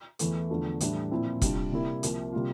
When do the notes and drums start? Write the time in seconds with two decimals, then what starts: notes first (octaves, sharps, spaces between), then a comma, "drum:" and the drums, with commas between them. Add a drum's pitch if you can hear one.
0.19 E2 E3 A3, drum: hi-hat
0.50 E2 D3 F3 A3
0.80 A2 E3 G3 D4, drum: hi-hat
1.11 A#2 F3 C4 E4
1.41 C3 G3 D4 F4, drum: kick E1, hi-hat
1.72 C3 G3 A#3 E4
2.03 C2 C3 F3 A#3, drum: hi-hat
2.33 C3 G3 A#3 F4